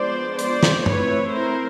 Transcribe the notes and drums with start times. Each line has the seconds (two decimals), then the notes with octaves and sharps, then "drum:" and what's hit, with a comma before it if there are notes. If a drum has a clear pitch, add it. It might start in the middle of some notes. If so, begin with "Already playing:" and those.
Already playing: F3 G#3 B3 D4 C5 D5
0.39 C5 D5, drum: hi-hat
0.63 drum: snare
0.86 A3 C4 E4 B4 C#5, drum: tom
1.33 A#4 C5